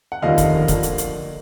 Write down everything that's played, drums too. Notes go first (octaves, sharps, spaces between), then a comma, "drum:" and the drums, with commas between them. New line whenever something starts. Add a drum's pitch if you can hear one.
F#5
F1 D#2 D3 F3 A#3 D#5 F5
drum: kick D#1, hi-hat
D3 F3 A#3, drum: kick D#1, hi-hat
drum: hi-hat
drum: hi-hat